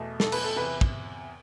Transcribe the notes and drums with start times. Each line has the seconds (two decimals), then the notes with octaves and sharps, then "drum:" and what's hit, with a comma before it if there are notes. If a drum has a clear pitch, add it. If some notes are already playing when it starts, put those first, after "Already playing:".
Already playing: E2 B2 A3
0.20 A4, drum: snare
0.32 B4, drum: cymbal
0.44 A4
0.56 E2 C3 E3 B4
0.81 drum: kick